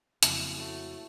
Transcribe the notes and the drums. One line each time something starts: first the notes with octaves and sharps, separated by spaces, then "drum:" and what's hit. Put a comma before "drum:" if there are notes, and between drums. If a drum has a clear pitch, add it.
F#1 F2 C#3 E4, drum: hi-hat
A2 A3 F#4